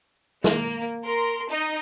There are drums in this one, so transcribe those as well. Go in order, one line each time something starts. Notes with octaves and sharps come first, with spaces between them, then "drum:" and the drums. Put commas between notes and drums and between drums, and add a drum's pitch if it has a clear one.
A#3, drum: snare
A#4 C6
D#4 D#5